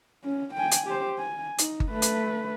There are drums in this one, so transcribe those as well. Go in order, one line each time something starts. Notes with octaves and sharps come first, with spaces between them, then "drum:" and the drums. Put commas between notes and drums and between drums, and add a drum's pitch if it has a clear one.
C#4
G5 G#5
drum: hi-hat
G4 C5
G#5
D#4, drum: hi-hat
drum: kick G1
A3 B4
drum: hi-hat